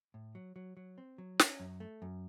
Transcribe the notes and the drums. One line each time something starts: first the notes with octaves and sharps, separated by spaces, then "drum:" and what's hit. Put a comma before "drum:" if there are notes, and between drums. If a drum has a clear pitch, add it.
A2
F#3
F#3
F#3
C4
F#3
C#4, drum: snare
F#2
A3
F#2